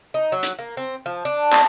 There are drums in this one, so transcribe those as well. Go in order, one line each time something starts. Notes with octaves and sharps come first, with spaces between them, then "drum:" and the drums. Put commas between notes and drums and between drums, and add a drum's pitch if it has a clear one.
D#4
F#3
drum: hi-hat
A#3
C4
F3
D4
drum: clap